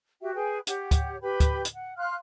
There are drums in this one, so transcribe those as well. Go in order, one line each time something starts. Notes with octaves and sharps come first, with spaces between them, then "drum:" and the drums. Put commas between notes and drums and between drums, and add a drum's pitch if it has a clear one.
F#4 G4 E5 G5
G#4 B4 G5
G4 C#5 F#5, drum: hi-hat
drum: kick, hi-hat
G4 B4 G5 B5
drum: kick, hi-hat
drum: hi-hat
F#5
F5 C6 F6 F#6